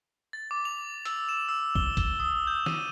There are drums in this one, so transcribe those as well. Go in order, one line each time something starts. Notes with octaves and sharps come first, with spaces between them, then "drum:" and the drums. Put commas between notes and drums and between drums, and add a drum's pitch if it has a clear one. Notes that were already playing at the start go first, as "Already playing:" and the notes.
A6
D6
F7
E6, drum: hi-hat
E7
E6
G7, drum: kick
drum: kick, hi-hat
D#6
G6
D#7, drum: snare